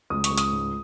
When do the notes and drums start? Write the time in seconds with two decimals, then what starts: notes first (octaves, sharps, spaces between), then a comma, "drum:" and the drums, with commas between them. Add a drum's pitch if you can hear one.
0.10 C#2 D#6
0.24 C#6, drum: hi-hat
0.31 C#2
0.38 D#6, drum: hi-hat
0.52 G#2